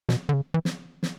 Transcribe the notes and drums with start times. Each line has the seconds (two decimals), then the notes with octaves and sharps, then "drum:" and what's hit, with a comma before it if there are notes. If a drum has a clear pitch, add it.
0.09 B2, drum: snare
0.29 D3
0.34 C#3
0.54 E3
0.65 drum: snare
1.03 drum: snare